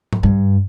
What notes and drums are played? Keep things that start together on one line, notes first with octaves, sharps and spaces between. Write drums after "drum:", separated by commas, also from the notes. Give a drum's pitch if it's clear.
drum: tom G#2
G2